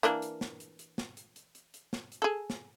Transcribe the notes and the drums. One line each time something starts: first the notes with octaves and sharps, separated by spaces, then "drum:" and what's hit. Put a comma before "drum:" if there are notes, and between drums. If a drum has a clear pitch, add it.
E3 A#3 D4, drum: hi-hat
drum: hi-hat
drum: snare
drum: hi-hat
drum: hi-hat
drum: snare
drum: hi-hat
drum: hi-hat
drum: hi-hat
drum: hi-hat
drum: snare
drum: hi-hat
G#4 A4
drum: snare